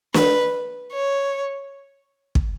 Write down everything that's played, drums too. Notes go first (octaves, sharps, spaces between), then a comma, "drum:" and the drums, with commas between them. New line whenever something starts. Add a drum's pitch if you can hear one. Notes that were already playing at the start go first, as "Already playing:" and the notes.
B4, drum: snare
C#5
drum: kick